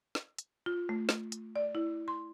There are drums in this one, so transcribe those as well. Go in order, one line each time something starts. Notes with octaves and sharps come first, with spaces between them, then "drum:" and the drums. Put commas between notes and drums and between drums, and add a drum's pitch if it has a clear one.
drum: snare
drum: hi-hat
F4
A3
drum: snare
drum: hi-hat
D5
E4
C6